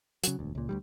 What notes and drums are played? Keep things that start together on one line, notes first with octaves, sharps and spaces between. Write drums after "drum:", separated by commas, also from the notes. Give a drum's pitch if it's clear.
C#3 F#3, drum: hi-hat
E1 D2
C#2 A#2
D2 D3 G3